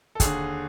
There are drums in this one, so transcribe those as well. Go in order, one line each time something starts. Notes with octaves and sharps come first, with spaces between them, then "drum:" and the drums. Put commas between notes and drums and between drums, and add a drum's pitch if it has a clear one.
A4
D#2 D3 G#4, drum: kick, hi-hat